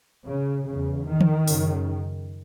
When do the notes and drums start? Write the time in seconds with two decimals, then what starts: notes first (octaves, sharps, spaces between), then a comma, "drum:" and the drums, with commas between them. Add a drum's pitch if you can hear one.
0.27 C#3
0.68 E2 C#3
1.08 D#3
1.21 drum: tom E3
1.48 F#2 C#3, drum: open hi-hat